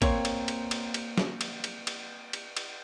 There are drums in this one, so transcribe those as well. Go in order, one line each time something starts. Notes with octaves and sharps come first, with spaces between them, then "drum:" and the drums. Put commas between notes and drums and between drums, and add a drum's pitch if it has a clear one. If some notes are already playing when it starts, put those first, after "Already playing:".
A#3 C4 C#5, drum: kick, cymbal
drum: cymbal
drum: cymbal
drum: cymbal
drum: cymbal
drum: snare
drum: cymbal
drum: cymbal
drum: cymbal
drum: cymbal
drum: cymbal